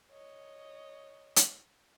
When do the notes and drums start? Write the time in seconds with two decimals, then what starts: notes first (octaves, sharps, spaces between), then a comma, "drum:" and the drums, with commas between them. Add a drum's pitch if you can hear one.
0.11 C#5 D#5
1.36 drum: hi-hat